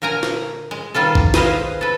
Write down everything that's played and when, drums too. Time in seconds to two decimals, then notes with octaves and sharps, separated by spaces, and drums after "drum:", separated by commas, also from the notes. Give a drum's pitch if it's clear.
0.02 A#2 D3 A#4 G#5 A#5
0.23 drum: snare
0.71 G#3
0.94 B2 D#3 G3 F4 A4
1.15 drum: kick A1
1.34 G#4 B4 C5 D#5 F5, drum: snare
1.81 A4 B4